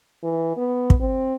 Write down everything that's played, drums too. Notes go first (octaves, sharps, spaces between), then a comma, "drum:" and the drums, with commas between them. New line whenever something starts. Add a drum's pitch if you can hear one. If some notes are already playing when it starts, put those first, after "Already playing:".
E3
B3
drum: kick
C4